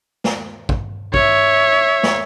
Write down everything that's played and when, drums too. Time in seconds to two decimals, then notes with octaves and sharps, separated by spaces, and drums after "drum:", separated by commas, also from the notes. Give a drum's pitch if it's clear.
0.24 drum: snare
0.69 drum: kick
1.14 C#5 E5, drum: kick
2.03 drum: snare